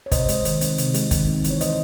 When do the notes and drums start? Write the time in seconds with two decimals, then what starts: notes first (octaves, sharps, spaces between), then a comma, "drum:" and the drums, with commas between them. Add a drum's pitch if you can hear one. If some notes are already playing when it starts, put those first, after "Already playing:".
0.06 C#5
0.12 C3 C5 D#5, drum: kick, hi-hat
0.28 G#3, drum: hi-hat
0.45 D#3, drum: hi-hat
0.61 C4, drum: hi-hat
0.78 C3, drum: hi-hat
0.94 G#3, drum: hi-hat
1.11 D#3, drum: kick, hi-hat
1.28 C4
1.44 E3, drum: hi-hat
1.51 C#5
1.61 E3 C5 D#5, drum: hi-hat